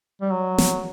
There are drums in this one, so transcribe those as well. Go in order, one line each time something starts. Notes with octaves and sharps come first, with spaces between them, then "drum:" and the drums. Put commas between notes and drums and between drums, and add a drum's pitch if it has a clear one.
G3
F#3
drum: snare